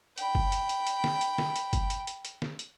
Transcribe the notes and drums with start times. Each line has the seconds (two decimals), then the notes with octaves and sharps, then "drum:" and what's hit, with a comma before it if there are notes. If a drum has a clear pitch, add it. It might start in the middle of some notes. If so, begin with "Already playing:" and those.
0.18 G5 B5, drum: hi-hat
0.35 drum: kick G1
0.52 drum: hi-hat
0.69 drum: hi-hat
0.87 drum: hi-hat
1.04 drum: snare
1.21 drum: hi-hat
1.38 drum: snare
1.56 drum: hi-hat
1.73 drum: kick G1, hi-hat
1.90 drum: hi-hat
2.07 drum: hi-hat
2.25 drum: hi-hat
2.42 drum: snare
2.59 drum: hi-hat